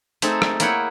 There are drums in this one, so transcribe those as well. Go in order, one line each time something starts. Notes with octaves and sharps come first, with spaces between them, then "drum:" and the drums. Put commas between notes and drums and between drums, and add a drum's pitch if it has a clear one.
A3 C4 D#4 G#4 A4, drum: hi-hat
drum: rim click
A#3 E4 G#4 C#5 F#5 G5, drum: hi-hat